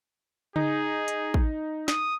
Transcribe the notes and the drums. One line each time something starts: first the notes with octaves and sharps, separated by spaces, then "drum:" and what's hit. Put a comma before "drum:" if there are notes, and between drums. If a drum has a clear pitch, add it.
D#4 G#4, drum: tom C#3
drum: hi-hat
drum: kick
D#6, drum: snare